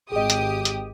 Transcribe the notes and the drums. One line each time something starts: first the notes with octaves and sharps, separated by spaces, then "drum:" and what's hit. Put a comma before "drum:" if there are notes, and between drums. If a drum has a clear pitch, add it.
G#1 G4 G#4 D#5 D#6
drum: hi-hat
drum: hi-hat